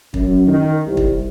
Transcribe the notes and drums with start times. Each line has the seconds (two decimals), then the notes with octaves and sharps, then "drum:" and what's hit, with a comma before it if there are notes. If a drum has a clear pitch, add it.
0.14 F#2, drum: kick
0.46 D#3
0.86 C2
0.97 drum: kick